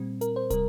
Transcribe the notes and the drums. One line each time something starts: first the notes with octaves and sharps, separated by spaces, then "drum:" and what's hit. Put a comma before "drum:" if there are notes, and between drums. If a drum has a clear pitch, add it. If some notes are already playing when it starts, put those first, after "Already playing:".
Already playing: A#2 G3 C4
A#4, drum: hi-hat
C5
C3 G3 A#4, drum: kick, hi-hat